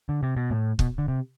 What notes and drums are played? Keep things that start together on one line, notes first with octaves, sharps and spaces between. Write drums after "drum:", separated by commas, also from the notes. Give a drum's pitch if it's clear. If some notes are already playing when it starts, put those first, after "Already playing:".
D3
C3
B2
A2
B2, drum: kick
D3
C3